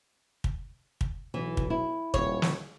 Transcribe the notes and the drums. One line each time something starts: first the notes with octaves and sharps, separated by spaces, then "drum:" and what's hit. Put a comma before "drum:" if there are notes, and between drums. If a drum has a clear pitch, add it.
drum: kick
drum: kick
B1 E3
drum: kick
E4
D#1 C#5, drum: kick
drum: snare